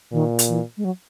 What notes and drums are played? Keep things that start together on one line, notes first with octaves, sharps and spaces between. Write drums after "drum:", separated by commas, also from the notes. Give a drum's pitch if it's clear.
A#2 D#3
drum: hi-hat
E3
G#3
F#3